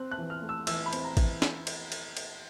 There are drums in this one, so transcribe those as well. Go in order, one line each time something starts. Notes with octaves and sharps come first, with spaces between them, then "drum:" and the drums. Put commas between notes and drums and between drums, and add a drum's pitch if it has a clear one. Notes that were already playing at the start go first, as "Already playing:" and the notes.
Already playing: C4 F#6
F#6
E3
F6
A3
E6
E3 E6, drum: cymbal
B5
C4, drum: cymbal
A#5
E3, drum: kick A1, cymbal
drum: snare
drum: cymbal
drum: cymbal
drum: cymbal